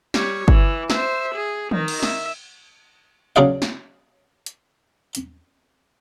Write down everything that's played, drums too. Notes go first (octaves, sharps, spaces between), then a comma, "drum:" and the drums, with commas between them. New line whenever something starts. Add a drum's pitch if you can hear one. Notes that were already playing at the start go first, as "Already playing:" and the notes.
G3 C#5, drum: snare
E3, drum: kick
C5 E5, drum: snare
G#4
D#3 D#4, drum: tom
drum: cymbal
E5, drum: snare
C#3 F#3 D4 G#4 D5 F5
drum: snare
drum: hi-hat
drum: hi-hat